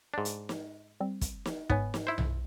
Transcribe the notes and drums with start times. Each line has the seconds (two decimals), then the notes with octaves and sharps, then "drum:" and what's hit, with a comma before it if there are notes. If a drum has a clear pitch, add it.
0.14 G#2 D4
0.25 drum: hi-hat
0.49 drum: snare
1.00 G3 C4
1.21 drum: kick, hi-hat
1.46 drum: snare
1.70 G#2 B3 C#5 G#5, drum: kick
1.94 drum: snare
2.07 E4 C5
2.18 drum: tom B1